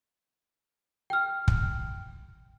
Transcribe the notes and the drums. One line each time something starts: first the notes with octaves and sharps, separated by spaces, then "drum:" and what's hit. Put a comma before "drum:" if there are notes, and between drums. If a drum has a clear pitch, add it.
G5 F6
drum: kick